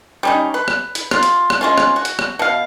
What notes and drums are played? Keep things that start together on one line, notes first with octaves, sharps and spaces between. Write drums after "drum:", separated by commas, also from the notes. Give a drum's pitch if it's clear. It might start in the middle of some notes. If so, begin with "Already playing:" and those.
G3 C#4 D#4
B4
drum: rim click
drum: hi-hat
F4, drum: rim click
drum: hi-hat
drum: rim click
G#3 C#4 F4
drum: rim click
F#4
drum: hi-hat
drum: rim click
B2 F5